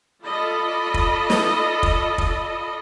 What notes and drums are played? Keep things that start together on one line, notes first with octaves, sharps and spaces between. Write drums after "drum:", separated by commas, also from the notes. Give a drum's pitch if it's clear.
F4 A4 D5 D#5 B5
drum: kick
drum: snare
drum: kick
drum: kick